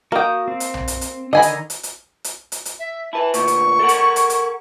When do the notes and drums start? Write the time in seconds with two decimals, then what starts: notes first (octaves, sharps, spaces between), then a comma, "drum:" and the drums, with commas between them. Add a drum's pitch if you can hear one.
0.12 A#3 F#4 G5 D#6
0.48 C4
0.60 drum: hi-hat
0.74 drum: tom B1
0.88 drum: hi-hat
1.01 drum: hi-hat
1.33 D3 D#3 D#5 G#5 A#5 B5
1.42 drum: hi-hat
1.70 drum: hi-hat
1.83 drum: hi-hat
2.24 drum: hi-hat
2.52 drum: hi-hat
2.65 drum: hi-hat
2.79 E5
3.13 E4 B4 A5
3.34 D2 A#2 B4 C#6, drum: hi-hat
3.48 drum: hi-hat
3.79 A4 A#4 F#5
3.89 drum: hi-hat
4.16 drum: hi-hat
4.30 drum: hi-hat